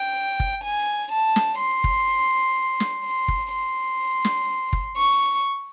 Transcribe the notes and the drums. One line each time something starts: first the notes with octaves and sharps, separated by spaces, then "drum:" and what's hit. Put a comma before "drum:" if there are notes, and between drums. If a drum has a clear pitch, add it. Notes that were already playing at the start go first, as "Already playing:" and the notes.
Already playing: G5
drum: kick
G#5
A5
drum: snare
C6
drum: kick
drum: snare
C6
drum: kick
C6
drum: snare
drum: kick
C#6